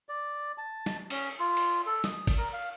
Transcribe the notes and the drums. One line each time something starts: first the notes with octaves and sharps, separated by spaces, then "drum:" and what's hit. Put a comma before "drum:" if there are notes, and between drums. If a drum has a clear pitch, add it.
D5
A5
drum: snare
C#4, drum: cymbal
F4
drum: cymbal
A4
D#6, drum: snare
drum: kick G#1, cymbal
A#4
F5